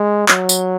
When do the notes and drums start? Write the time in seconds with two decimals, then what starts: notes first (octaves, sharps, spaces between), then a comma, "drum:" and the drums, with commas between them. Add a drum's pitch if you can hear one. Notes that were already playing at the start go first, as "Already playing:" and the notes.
Already playing: G#3
0.29 F#3, drum: clap
0.49 drum: tambourine